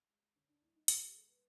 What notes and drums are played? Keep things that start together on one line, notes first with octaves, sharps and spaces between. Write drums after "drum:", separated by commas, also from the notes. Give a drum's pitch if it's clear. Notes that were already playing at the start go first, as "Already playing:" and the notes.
G#3
D3 C#4
D4
G3 A#3 E4
D#4
D3 F#4, drum: hi-hat
G#4
G3 A#3 A4
B4